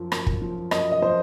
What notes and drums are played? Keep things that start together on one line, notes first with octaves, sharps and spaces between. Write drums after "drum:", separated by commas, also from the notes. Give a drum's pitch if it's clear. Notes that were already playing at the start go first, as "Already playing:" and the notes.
Already playing: F#2 F3
F#2, drum: rim click
drum: kick
F3
F#2 D#5, drum: rim click
D#5
F3 C5